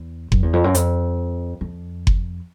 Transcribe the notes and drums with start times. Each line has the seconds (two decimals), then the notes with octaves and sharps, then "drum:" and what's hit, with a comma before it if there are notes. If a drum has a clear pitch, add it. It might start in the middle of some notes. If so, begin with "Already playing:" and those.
Already playing: E2
0.32 F#2, drum: kick F#1
0.43 E2
0.53 F2
0.64 F#2
0.75 F2, drum: hi-hat
1.61 F2
2.07 drum: kick F#1